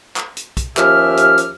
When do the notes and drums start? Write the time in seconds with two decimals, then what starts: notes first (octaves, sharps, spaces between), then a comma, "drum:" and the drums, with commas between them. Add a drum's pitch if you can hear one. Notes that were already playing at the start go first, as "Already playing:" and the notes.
0.16 drum: clap
0.37 drum: hi-hat
0.57 drum: kick, hi-hat
0.77 D#2 F3 C#4 G4 E5 F6, drum: clap
1.17 drum: hi-hat
1.38 drum: hi-hat